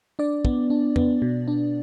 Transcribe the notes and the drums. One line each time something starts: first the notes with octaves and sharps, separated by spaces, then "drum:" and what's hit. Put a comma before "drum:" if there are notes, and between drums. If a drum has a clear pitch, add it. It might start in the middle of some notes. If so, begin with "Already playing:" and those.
D4 D5
B3, drum: kick
D4
B3, drum: tom
B2
D4